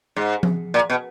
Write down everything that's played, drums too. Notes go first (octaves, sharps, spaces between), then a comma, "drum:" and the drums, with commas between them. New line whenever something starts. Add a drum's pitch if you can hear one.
G#2
drum: tom F3
A#2
B2